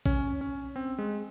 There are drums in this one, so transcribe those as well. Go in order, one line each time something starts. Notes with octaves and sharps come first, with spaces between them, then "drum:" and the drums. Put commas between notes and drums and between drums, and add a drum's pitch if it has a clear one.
C#4, drum: kick A#1
C#4
C4
G#3